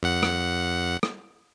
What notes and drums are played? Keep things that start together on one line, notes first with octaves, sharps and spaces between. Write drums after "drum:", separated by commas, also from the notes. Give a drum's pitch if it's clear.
F2 F#5
drum: rim click
drum: rim click